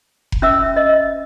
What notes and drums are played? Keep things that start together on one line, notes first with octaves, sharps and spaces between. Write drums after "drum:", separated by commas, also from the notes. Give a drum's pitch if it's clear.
drum: kick F1
C#4 E5 E6
D#5